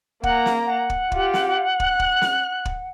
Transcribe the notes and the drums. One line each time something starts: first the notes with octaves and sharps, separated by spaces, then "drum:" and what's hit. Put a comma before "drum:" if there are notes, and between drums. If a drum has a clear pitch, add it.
A#3 F#5 A#5, drum: kick
drum: snare
F#5
drum: kick
F4 G4, drum: kick
drum: snare
F#6, drum: kick
drum: kick
drum: snare
drum: kick